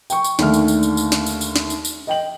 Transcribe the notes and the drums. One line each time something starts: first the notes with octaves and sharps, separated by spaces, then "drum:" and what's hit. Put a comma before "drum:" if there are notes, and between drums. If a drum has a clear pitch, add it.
G5 C#6, drum: tambourine
drum: tambourine
D#2 D3 A3 F6, drum: snare
drum: tambourine
drum: tambourine
drum: tambourine
drum: tambourine
drum: snare
drum: tambourine
drum: tambourine
drum: snare
drum: tambourine
drum: tambourine
D#5 G5 F#7